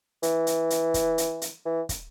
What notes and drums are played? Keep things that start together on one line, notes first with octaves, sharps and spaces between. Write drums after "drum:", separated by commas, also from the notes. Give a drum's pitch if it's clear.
E3, drum: hi-hat
drum: hi-hat
drum: hi-hat
drum: kick, hi-hat
drum: hi-hat
drum: hi-hat
E3
drum: kick, hi-hat